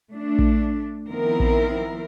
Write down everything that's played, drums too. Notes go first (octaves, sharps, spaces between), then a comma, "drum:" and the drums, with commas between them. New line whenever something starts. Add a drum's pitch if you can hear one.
A3 D4
drum: kick A#1
D#3 F3 B3 C4 E4 A#4
drum: kick A#1